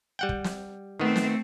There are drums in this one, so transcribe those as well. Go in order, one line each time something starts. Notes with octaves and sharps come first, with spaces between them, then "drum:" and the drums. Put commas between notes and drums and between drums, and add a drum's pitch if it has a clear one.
G3 F#5 G5
drum: kick
drum: snare
D#3 A3 B3 C4
drum: snare